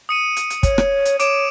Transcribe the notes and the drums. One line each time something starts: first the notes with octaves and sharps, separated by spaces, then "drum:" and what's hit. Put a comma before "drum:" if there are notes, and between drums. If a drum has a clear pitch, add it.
D#6 C#7 D#7
drum: hi-hat
drum: hi-hat
C#5, drum: kick, hi-hat
drum: rim click
drum: hi-hat
C#5 D6 D7 E7, drum: hi-hat